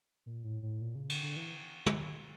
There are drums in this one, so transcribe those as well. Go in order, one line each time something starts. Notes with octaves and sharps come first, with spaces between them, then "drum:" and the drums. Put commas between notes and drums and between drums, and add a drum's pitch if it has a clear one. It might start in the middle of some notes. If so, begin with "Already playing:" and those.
A#2
A2
A2
A#2
C#3
D3, drum: cymbal
D3
E3
drum: tom